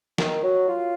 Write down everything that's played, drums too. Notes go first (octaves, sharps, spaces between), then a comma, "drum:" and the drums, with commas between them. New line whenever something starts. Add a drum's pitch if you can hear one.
D#3, drum: snare
F#3
F4